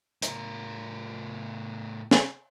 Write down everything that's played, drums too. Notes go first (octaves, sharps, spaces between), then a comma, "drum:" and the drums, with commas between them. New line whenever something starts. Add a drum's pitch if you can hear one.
A2 A#4, drum: hi-hat
drum: snare